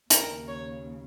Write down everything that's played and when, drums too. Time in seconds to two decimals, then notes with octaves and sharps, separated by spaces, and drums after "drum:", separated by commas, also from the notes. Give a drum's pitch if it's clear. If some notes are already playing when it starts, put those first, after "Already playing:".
0.10 D#2 C#3 A#4, drum: hi-hat
0.47 C#5